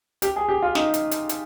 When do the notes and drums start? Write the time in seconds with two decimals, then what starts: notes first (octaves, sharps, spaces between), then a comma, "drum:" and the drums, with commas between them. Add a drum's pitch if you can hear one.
0.22 G4, drum: hi-hat
0.36 G#4
0.49 G4
0.62 F4
0.75 D#4, drum: snare
0.94 drum: hi-hat
1.11 drum: hi-hat
1.29 drum: hi-hat